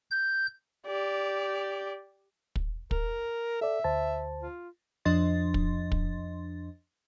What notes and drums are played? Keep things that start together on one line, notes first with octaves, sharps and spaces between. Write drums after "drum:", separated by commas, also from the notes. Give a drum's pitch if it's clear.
G6
G4 D5
drum: kick
A#4, drum: kick
A4 D5 E5
D2 C5 A5
F4
F2 F3 D4 D#5 C6 A6
drum: kick
drum: kick